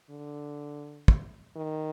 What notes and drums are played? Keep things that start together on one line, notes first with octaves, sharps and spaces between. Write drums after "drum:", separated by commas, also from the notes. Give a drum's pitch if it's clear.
D3
drum: kick
D#3